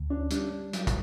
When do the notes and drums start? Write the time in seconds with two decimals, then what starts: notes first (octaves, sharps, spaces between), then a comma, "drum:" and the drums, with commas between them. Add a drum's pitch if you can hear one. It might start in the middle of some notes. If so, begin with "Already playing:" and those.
Already playing: D2
0.10 C#4 D4
0.30 G3 D4, drum: hi-hat
0.52 G3
0.73 F#3, drum: hi-hat
0.87 drum: kick, hi-hat